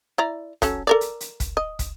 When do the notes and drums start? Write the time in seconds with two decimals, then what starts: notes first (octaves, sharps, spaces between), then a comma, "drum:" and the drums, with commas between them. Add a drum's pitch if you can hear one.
0.18 E4 D5 A#5
0.62 F#3 C#4 A4, drum: kick, hi-hat
0.87 A4 A#4 D5
1.01 drum: hi-hat
1.20 drum: hi-hat
1.40 drum: kick, hi-hat
1.57 D#5
1.79 drum: kick, hi-hat